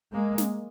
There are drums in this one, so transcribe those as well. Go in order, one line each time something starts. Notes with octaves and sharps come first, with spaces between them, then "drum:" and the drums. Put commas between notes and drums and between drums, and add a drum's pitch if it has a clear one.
G#3 A#3
drum: snare